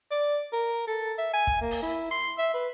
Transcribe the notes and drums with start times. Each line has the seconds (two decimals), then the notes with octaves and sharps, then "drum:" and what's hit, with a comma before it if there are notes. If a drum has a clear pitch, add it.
0.11 D5
0.53 A#4
0.88 A4
1.18 E5
1.33 G#5
1.47 drum: kick
1.61 A#3
1.71 drum: open hi-hat
1.82 E4
2.11 C6
2.38 E5
2.54 B4